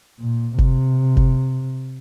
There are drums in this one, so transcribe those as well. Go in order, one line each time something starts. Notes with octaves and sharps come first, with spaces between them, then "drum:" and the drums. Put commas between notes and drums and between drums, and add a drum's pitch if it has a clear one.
A#2
C3, drum: kick F#1
drum: kick F#1